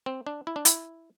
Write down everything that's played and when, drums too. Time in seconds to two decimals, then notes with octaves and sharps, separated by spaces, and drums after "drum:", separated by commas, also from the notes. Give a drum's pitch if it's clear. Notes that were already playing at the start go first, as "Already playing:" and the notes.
0.06 C4
0.27 D4
0.47 E4
0.56 D4
0.65 E4, drum: hi-hat